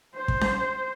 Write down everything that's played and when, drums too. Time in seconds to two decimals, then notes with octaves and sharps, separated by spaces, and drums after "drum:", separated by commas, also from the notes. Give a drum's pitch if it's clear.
0.15 C5
0.28 drum: kick
0.41 drum: snare C#4